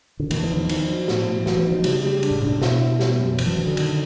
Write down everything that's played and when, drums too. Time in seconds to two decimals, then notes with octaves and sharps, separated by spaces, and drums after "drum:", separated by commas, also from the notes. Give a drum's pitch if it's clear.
0.20 D3
0.31 E2 D#3, drum: cymbal
0.43 E3
0.50 D#3
0.57 F3
0.69 F3 D#4, drum: cymbal
0.88 F#3
1.08 A2, drum: snare
1.27 A2
1.46 E3 F#3, drum: snare
1.59 E3
1.65 D#4
1.72 F3
1.84 C#3 G3, drum: cymbal
2.04 G3
2.23 D4, drum: cymbal
2.31 G2
2.38 G#2
2.43 A2 D4
2.53 A#2
2.61 B2 E4, drum: snare
2.80 E4
2.99 G3, drum: snare
3.19 F#2
3.38 F3 F#3, drum: cymbal
3.47 E3
3.58 E3 F#3
3.67 D3
3.77 D#3, drum: cymbal